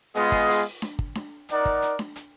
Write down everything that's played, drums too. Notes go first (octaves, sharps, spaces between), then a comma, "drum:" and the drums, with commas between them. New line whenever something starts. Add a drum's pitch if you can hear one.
G#3 B3 F4 G#4 D#5, drum: hi-hat
drum: kick
drum: open hi-hat
drum: snare D4
drum: kick
drum: snare D4
D#4 A#4 D5 F#5, drum: hi-hat
drum: kick
drum: hi-hat
drum: snare D4
drum: hi-hat